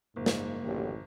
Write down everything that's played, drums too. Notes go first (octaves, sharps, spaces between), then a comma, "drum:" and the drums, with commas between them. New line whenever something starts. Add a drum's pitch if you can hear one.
F#1 G#2 A#3
drum: snare
A1 D3 F#3 G4